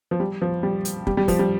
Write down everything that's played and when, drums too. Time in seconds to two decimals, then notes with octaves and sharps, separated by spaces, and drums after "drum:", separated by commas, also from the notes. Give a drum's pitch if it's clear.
0.11 F3
0.20 G3
0.42 F3
0.63 G3
0.85 drum: hi-hat
1.07 G3, drum: kick
1.17 G3
1.28 F3, drum: kick, open hi-hat
1.39 G3